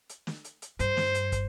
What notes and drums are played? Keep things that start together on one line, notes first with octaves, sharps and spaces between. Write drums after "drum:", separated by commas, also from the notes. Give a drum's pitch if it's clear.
drum: hi-hat
drum: snare
drum: hi-hat
drum: hi-hat
G2 C5, drum: hi-hat
drum: snare
drum: hi-hat
drum: kick, hi-hat